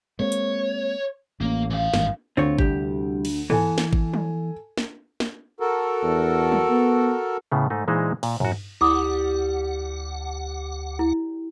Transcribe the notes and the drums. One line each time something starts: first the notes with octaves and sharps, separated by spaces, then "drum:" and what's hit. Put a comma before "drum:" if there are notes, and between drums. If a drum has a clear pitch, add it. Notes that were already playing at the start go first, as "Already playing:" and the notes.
G#3 A#3 C4 C#5
drum: hi-hat
A1 A#3 C#4
E3 F5
G#1 G2 D#3, drum: snare
D2 C4 F4 C#5
C2 G4, drum: kick G#1
drum: cymbal
E3 B3 A4 G#5, drum: tom
drum: snare
drum: kick G#1
drum: tom F3
drum: snare
drum: snare
F#4 A4 A#4
E2
drum: tom F3
B3
A2 C#3 B3
G#2 A3 D#4
A#2 E3 G#3 D#4 C5 E5
A#2, drum: cymbal
F#2 F#4, drum: tom
D2 G3 E4 F#5 D6 D#6
E4